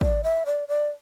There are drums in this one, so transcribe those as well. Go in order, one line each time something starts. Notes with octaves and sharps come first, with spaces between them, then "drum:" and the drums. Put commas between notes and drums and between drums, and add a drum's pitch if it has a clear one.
D5, drum: kick
E5
D5
D5